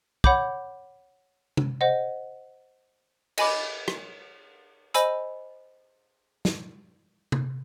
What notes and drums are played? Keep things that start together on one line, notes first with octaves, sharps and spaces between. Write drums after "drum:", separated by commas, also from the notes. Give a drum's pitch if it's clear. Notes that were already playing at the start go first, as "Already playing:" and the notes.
C#5 F#5 B5 D6 G6, drum: kick
drum: tom
C5 D#5 F#5
D#5 G#5 B5 D6, drum: cymbal
drum: rim click
C5 D#5 G#5 B5 E6, drum: hi-hat
drum: snare
drum: tom C3